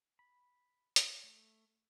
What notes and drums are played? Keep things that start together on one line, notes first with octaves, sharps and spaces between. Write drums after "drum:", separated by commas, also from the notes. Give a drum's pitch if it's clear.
B5
drum: hi-hat
A3